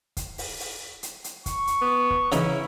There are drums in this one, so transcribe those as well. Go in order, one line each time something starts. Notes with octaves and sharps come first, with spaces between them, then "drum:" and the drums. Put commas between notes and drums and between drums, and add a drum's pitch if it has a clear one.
drum: kick, hi-hat
drum: open hi-hat
drum: open hi-hat
drum: hi-hat
drum: hi-hat
C#6, drum: kick, hi-hat
drum: hi-hat
B3
drum: kick
C#3 E3 C#4 D#4 E4, drum: hi-hat